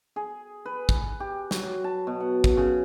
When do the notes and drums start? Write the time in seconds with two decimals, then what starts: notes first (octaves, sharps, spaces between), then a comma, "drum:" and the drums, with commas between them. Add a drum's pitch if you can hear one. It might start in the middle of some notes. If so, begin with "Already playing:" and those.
0.16 G#4
0.66 B4
0.89 drum: kick
1.20 G4
1.51 F#3, drum: snare
1.84 A5
2.07 B2
2.20 F#5
2.44 drum: kick
2.57 C#3